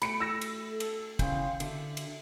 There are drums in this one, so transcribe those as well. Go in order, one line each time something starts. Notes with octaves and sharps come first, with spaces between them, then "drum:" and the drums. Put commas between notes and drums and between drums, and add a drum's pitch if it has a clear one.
A3 B5 C#7 D7, drum: cymbal
E6 A#6
drum: cymbal
A4
drum: cymbal
C#3 E3 F5 G5 C6 G6, drum: kick, cymbal
D3 E5, drum: cymbal
drum: cymbal